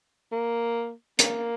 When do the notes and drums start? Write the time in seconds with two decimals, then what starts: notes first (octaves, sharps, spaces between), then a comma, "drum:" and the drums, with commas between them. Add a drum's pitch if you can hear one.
0.32 A#3
1.19 A#3, drum: hi-hat